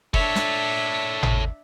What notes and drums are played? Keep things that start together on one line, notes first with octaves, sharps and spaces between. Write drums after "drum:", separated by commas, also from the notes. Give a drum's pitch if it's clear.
D4 A4 C#5 E5, drum: kick
drum: snare
drum: tom G#1